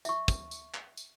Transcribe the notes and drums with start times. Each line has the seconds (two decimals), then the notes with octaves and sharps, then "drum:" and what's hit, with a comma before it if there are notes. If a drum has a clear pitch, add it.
0.05 E5 C#6, drum: tambourine
0.28 drum: kick, tambourine
0.51 drum: tambourine
0.74 drum: clap
0.97 drum: tambourine